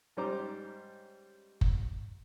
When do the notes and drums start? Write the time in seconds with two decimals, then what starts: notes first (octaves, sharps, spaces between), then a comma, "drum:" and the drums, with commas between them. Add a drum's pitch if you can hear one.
0.17 G#2 G3 C#4 C5 A#5 D6
1.61 drum: kick F#1